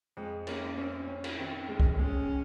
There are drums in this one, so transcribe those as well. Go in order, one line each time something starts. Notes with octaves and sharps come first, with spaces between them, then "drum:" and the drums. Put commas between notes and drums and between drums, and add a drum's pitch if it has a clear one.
F2 G#3
A#3 C#4, drum: cymbal
C4 C#4
C#4
drum: cymbal
D#3 C4
G#3
drum: kick C2
G#3 C#4